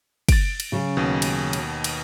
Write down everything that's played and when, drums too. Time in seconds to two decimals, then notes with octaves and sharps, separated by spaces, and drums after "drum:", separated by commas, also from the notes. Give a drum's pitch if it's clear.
0.29 A6 D7, drum: kick, cymbal
0.60 drum: cymbal
0.72 C#3 F#3 C#4
0.97 D#2 B2
1.22 drum: cymbal
1.53 drum: cymbal
1.84 drum: cymbal